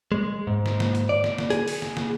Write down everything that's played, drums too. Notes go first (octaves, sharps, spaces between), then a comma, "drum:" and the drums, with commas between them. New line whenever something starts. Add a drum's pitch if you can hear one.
G#3
G#2
drum: snare
drum: snare
drum: hi-hat
D5
drum: snare
drum: snare
G#4, drum: hi-hat
drum: open hi-hat
drum: snare
drum: snare